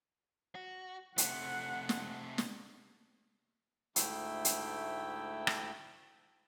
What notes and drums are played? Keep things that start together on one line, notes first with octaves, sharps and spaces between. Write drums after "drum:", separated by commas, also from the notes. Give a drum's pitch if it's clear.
F#4
C3 A3 F#5, drum: hi-hat
drum: snare
drum: snare
D2 G#2 A3 E4 G5 E6, drum: hi-hat
drum: hi-hat
drum: rim click